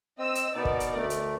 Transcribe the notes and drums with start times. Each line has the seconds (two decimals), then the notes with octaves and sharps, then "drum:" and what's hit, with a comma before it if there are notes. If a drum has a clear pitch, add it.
0.19 C4 D#5 E6
0.35 drum: hi-hat
0.56 B2 B3 D#4 A#4 D5
0.65 drum: kick
0.80 drum: hi-hat
0.95 D2 A3
1.10 drum: hi-hat